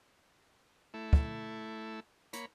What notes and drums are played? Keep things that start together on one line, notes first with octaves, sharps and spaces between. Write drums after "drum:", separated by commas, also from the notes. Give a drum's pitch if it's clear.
A3 E4
drum: kick
A#3 C#5 B5, drum: hi-hat